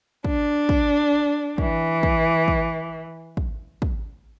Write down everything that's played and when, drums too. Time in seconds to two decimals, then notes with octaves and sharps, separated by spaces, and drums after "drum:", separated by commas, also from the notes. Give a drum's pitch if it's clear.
0.24 D4, drum: kick
0.69 drum: kick
1.58 E3, drum: kick
2.03 drum: kick
2.48 drum: kick
3.37 drum: kick
3.82 drum: kick